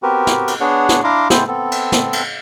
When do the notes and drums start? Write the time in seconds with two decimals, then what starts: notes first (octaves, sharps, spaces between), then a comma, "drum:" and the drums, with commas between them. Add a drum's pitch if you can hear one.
0.03 B3 C4 F#4 G4 A#4 B4
0.27 drum: snare
0.48 drum: cymbal
0.60 B3 D4 G#4 C#5 F#5
0.89 drum: snare
1.04 D4 E4 F5 A#5 C6 D6
1.30 B3 C4 E4 G#4 A4 C5, drum: snare
1.48 B3 C4 A4
1.72 drum: cymbal
1.92 drum: snare
2.13 drum: cymbal